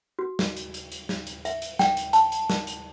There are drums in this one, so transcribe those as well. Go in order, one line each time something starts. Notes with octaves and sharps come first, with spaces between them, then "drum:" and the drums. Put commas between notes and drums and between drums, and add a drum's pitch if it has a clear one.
F#4
drum: snare
drum: hi-hat
drum: hi-hat
drum: hi-hat
drum: snare
drum: hi-hat
E5, drum: hi-hat
drum: hi-hat
G5, drum: snare
drum: hi-hat
A5, drum: hi-hat
drum: hi-hat
drum: snare
drum: hi-hat